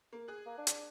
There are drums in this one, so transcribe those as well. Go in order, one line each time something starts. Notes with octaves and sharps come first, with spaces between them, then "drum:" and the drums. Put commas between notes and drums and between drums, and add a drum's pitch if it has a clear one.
A#3
G#4 F#6
A#3
D4
drum: hi-hat